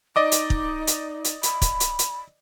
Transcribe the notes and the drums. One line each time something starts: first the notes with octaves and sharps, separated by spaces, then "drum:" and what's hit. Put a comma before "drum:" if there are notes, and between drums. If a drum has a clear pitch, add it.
D#4 D5 D#5 D6
drum: hi-hat
drum: kick
drum: hi-hat
drum: hi-hat
B5, drum: hi-hat
drum: kick, hi-hat
drum: hi-hat
drum: hi-hat